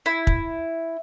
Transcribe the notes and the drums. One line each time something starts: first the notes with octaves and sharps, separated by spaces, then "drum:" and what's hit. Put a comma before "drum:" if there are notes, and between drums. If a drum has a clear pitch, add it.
E4
drum: kick